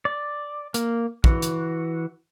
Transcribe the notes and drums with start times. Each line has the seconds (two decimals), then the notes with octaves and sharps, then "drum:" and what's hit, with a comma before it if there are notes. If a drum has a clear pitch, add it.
0.05 D5
0.74 A#3, drum: hi-hat
1.24 E3 F#4, drum: kick
1.42 drum: hi-hat